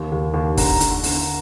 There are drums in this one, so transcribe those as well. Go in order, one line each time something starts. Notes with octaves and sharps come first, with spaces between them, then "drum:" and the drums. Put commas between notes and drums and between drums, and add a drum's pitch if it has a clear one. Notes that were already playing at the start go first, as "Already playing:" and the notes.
Already playing: D#2
D#2
D#2
D3 A#5, drum: kick, open hi-hat
D3, drum: hi-hat
D3, drum: open hi-hat